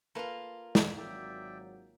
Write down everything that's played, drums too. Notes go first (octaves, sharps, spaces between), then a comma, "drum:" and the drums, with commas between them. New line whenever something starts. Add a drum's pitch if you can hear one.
A#3 F4 A4 B4 F5
drum: snare
G#1 F#3 D5 E5 G5